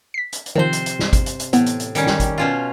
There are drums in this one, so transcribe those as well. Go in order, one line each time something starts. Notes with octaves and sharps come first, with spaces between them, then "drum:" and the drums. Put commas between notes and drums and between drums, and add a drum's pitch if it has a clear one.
B6 C7
drum: hi-hat
drum: hi-hat
C3 D#3 F3 C5
drum: hi-hat
drum: hi-hat
drum: snare
drum: kick G#1, hi-hat
drum: hi-hat
drum: hi-hat
A2 E3 B3, drum: hi-hat
drum: hi-hat
drum: hi-hat
D#3 G3 C#4, drum: hi-hat
drum: snare
drum: kick G#1, hi-hat
B2 C#4 F4